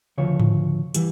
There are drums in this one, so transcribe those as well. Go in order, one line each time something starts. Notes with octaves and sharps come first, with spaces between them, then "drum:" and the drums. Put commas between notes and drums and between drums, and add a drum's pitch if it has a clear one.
D2 C#3 F3 C#5
drum: tom G#2
E3 G3, drum: hi-hat